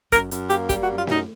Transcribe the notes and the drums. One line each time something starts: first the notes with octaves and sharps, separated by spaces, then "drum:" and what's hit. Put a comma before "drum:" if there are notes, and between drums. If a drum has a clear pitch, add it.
F#2 A#4, drum: kick, hi-hat
F#2, drum: hi-hat
A#3 G4, drum: hi-hat
G3 G4, drum: kick, hi-hat
F#4
F#2
F4
F#2 D#4, drum: snare